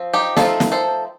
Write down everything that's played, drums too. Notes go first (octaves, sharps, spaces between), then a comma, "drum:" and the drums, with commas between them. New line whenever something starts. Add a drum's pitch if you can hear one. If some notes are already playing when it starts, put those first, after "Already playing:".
Already playing: F3 C4
D#4 G4
F3 A3 C4 D#4 F4 A4, drum: snare
drum: snare
A4 C5